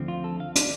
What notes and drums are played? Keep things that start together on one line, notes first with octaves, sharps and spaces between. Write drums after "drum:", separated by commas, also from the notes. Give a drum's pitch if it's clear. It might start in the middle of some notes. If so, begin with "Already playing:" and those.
Already playing: D2 D3 F3 C4
F4
A4
F5
D5, drum: hi-hat